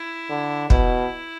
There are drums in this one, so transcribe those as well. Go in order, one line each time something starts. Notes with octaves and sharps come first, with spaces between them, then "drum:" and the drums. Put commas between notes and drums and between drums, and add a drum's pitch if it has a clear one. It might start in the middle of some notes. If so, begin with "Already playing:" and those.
Already playing: E4
D3
B2 E4, drum: kick